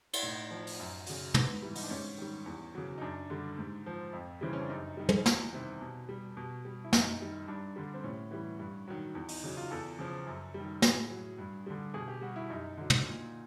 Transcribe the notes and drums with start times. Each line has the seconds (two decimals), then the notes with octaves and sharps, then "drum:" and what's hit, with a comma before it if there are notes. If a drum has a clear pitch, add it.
0.13 E4, drum: cymbal
0.23 A2 D#4
0.51 F3
0.67 drum: open hi-hat
0.80 F#2
1.07 C#3 F#3, drum: open hi-hat
1.34 G#2 B3, drum: tom
1.62 E3 G3
1.75 D#4, drum: open hi-hat
1.83 D4
1.90 G#2 C#4
2.18 D#3 G3
2.46 E2
2.75 C#3 F#3
2.98 D#4
3.02 F#2 D4
3.30 D3 G3
3.58 G#2
3.86 F3
4.13 F2
4.41 C#3 E3 G3 C4
4.53 C#4
4.61 D4
4.69 F#2 D#4
4.97 D#3 G3
5.09 drum: tom
5.26 E2, drum: snare
5.52 C3 D#3 G3
5.81 B2
6.09 G3
6.37 B2
6.65 G3
6.84 E4
6.93 F#2 D#4, drum: snare
7.20 D#3 G3
7.48 G2 D4
7.76 D3 G3
7.94 C4
8.03 A2 C#4
8.31 E3 G3
8.59 G2
8.88 D#3 F#3
9.15 E2
9.29 D#4, drum: open hi-hat
9.44 C#3 F#3
9.57 F4
9.71 E2 A4
9.99 C#3 F3
10.27 F#2
10.54 G3
10.59 D#3
10.82 A2 G#4, drum: snare
11.10 F#3
11.38 G2
11.66 D3 G3
11.94 B2 G#4
12.08 G4
12.21 G3 F#4
12.36 E4
12.50 F#2 D#4
12.77 D3 F#3
12.90 drum: tom
13.06 A#2